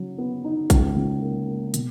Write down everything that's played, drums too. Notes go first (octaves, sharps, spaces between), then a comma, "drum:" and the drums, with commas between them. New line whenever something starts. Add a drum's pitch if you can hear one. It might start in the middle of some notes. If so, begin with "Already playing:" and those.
Already playing: C#3 F#3 C#4
B3
D#4
C#2, drum: kick, hi-hat
C#2
A#3
A#3
B2, drum: hi-hat